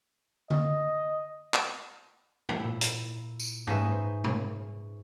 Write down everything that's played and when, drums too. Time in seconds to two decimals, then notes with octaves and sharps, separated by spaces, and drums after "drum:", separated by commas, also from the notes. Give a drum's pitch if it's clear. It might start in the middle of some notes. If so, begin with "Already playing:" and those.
0.50 D#5, drum: tom D3
1.54 drum: clap
2.49 drum: tom
2.59 A#2 E4
2.81 drum: hi-hat
3.40 drum: tambourine
3.67 G#2 C#4 D#4 B4 E5 G#5, drum: tom
3.92 C5
4.24 drum: tom